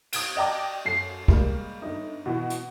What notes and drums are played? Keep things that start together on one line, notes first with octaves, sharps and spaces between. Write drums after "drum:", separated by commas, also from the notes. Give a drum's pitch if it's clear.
D#6 G#6 D7, drum: cymbal
D5 D#5 G5 A5 D6
F#2 A4 C7
G3 G#3 A#3, drum: kick
G1 D#4
B2 E3
drum: hi-hat